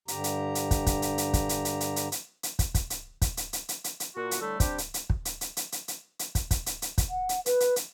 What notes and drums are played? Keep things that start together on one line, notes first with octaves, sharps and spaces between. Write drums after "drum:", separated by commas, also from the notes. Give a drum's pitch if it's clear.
G2 D3 G4 A#5, drum: hi-hat
drum: hi-hat
drum: hi-hat
drum: kick, hi-hat
drum: kick, hi-hat
drum: hi-hat
drum: hi-hat
drum: kick, hi-hat
drum: hi-hat
drum: hi-hat
drum: hi-hat
drum: hi-hat
drum: hi-hat
drum: hi-hat
drum: kick, hi-hat
drum: kick, hi-hat
drum: hi-hat
drum: kick, hi-hat
drum: hi-hat
drum: hi-hat
drum: hi-hat
drum: hi-hat
drum: hi-hat
A#2 F#4
drum: hi-hat
A2 D3 G3 A3
G3 C4 D4 G4, drum: kick, hi-hat
drum: hi-hat
drum: hi-hat
drum: kick
drum: hi-hat
drum: hi-hat
drum: hi-hat
drum: hi-hat
drum: hi-hat
drum: hi-hat
drum: kick, hi-hat
drum: kick, hi-hat
drum: hi-hat
drum: hi-hat
drum: kick, hi-hat
F#5
drum: hi-hat
B4, drum: hi-hat
drum: hi-hat
drum: hi-hat